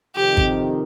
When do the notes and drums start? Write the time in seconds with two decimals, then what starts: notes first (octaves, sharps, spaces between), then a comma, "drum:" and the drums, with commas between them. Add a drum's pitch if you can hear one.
0.16 F2 C3 D#3 G4
0.37 drum: kick G#1